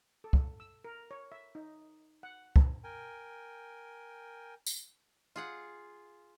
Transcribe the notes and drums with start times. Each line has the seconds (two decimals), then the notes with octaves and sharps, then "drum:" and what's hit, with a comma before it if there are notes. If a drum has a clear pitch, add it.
0.24 A4
0.33 drum: kick
0.60 E6
0.85 A#4
1.11 C#5
1.32 E5
1.55 D#4
2.23 F#5
2.56 drum: kick
2.84 A#4 G5 G#5
4.67 drum: tambourine
5.36 F4 G#4 F#5